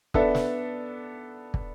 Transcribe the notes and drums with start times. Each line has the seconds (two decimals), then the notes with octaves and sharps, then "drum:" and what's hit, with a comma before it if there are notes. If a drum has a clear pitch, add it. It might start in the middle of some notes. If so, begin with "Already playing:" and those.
0.14 B3 D4 A4 E5, drum: kick
0.35 drum: snare
1.54 drum: kick